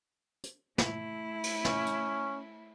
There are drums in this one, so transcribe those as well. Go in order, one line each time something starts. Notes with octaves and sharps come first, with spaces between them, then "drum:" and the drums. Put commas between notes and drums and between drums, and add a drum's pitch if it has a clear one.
drum: hi-hat
A3 E4, drum: snare
drum: cymbal
C#4, drum: snare
drum: hi-hat